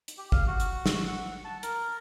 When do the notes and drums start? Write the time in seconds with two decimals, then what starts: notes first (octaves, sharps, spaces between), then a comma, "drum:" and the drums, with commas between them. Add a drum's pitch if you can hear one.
0.08 drum: hi-hat
0.18 G4
0.32 F5, drum: kick
0.47 F#4
0.60 drum: hi-hat
0.86 E6, drum: snare
1.07 F#5
1.45 A5
1.63 A#4, drum: hi-hat